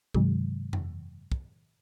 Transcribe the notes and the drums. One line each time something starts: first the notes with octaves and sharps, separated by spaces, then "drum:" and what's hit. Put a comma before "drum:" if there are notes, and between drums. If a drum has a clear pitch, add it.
G2 C3 D#3 F#3 G#3, drum: kick
drum: tom F2
drum: kick